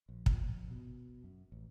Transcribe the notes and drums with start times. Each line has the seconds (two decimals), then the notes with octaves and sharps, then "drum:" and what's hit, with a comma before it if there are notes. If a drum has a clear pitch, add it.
0.09 A#1
0.26 A#2, drum: kick
0.43 A#1
0.71 B2
1.24 F#2
1.52 A1